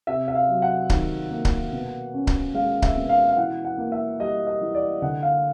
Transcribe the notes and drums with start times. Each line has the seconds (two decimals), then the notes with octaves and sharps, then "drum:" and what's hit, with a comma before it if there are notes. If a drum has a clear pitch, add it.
0.07 C3 E5
0.28 E5
0.35 F5
0.49 F#3
0.62 F#5
0.90 D#3, drum: kick C#1
1.31 A#3
1.45 drum: kick C#1
1.72 B2
2.14 C#4
2.27 drum: kick C#1
2.54 G#3 F5
2.82 E5, drum: kick C#1
2.96 B2
3.09 F5
3.29 F5
3.37 E3 F#5
3.65 F#5
3.78 A#3
3.92 E5
4.20 G3 D#5
4.47 D#5
4.61 E3
4.75 D5
5.02 D3 F#5
5.23 F5